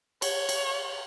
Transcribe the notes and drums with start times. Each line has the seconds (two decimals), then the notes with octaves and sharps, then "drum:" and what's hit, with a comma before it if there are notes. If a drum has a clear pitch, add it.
0.22 C#5, drum: cymbal
0.49 drum: cymbal